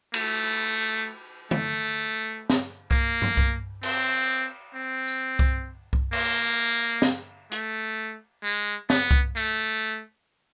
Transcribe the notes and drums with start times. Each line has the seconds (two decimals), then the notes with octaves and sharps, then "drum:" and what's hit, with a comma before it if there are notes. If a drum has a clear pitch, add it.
0.14 A3, drum: cymbal
1.51 A3, drum: tom D3
2.50 drum: snare
2.91 A#3, drum: kick C2
3.22 drum: tom G2
3.37 drum: kick C2
3.83 C4, drum: cymbal
4.74 C4
5.07 drum: tambourine
5.39 drum: kick C2
5.93 drum: kick C2
6.13 A#3, drum: cymbal
7.02 drum: snare
7.52 A3, drum: hi-hat
8.44 G#3
8.90 B3, drum: snare
9.11 drum: kick C2
9.36 A3, drum: tambourine